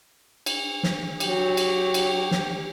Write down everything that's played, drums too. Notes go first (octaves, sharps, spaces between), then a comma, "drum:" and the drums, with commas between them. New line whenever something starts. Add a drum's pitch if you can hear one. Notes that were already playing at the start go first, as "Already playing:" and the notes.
drum: cymbal
drum: snare
F#3 G4, drum: cymbal
drum: cymbal
drum: cymbal
drum: snare